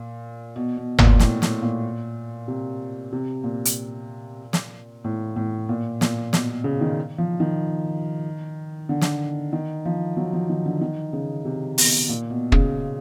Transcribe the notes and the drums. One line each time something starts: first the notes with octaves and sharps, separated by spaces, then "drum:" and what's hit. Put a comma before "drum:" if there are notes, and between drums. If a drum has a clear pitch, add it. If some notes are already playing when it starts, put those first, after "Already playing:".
Already playing: A#2
B2
B2
A#2, drum: tom G1
A2, drum: snare
A2, drum: snare
A#2
C3
C3
A#2
drum: hi-hat
drum: snare
A2
A2
A#2
A#2, drum: snare
B2, drum: snare
B2
C#3
D#3
F3
D#3
D3
drum: snare
D#3
F3
F#3
F3
D#3
D3
D#3
C#3
C3
B2, drum: open hi-hat
A#2
B2
C#3, drum: kick